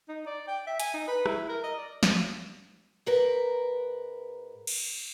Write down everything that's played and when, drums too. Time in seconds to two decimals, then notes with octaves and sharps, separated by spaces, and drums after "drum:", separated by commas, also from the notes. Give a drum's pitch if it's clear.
0.09 D#4
0.26 D5
0.47 G5
0.67 E5
0.80 G#5, drum: hi-hat
0.94 D#4
1.08 B4
1.26 E4, drum: rim click
1.49 A#4
1.64 D#5
1.77 D5
2.03 drum: snare
3.06 G#2 A#4 B4
4.67 drum: cymbal